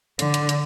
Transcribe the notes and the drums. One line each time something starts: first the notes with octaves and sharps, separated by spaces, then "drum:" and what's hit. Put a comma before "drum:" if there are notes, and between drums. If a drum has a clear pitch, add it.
D3, drum: hi-hat
drum: hi-hat
drum: hi-hat